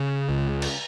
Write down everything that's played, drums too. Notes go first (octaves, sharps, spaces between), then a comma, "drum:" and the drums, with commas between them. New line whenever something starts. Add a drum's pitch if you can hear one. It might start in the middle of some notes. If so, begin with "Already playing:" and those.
Already playing: C#3
C#2
drum: cymbal